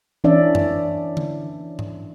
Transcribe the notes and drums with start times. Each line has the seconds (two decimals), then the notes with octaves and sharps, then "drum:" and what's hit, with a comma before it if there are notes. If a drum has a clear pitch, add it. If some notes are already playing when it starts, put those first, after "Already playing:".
0.24 E3 C#4 D4 D5 E5
0.55 drum: tom F#2
1.17 drum: tom D3
1.79 drum: tom G#2